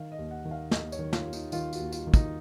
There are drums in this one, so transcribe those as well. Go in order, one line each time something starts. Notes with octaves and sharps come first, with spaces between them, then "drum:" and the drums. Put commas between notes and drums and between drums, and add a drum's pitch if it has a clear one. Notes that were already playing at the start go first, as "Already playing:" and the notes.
Already playing: D#3 F5
D#5
D#2
F#5
D#3
F5
D#2 D#5, drum: snare
C#5, drum: tambourine
D#3
F4, drum: snare
D#2
D#4, drum: tambourine
D#3 F4, drum: tambourine
F#4, drum: tambourine
D#2
F4, drum: tambourine
D#3
D#4, drum: kick, tambourine